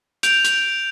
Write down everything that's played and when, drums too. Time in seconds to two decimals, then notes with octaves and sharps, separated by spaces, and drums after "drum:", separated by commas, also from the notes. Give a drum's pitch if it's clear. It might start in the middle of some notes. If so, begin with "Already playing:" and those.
0.23 G6 D7 F7, drum: hi-hat
0.44 drum: hi-hat